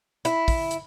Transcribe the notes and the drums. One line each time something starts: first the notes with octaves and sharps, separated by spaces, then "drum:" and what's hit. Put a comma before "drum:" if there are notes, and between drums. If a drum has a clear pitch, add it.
E4, drum: hi-hat
drum: kick, open hi-hat
drum: hi-hat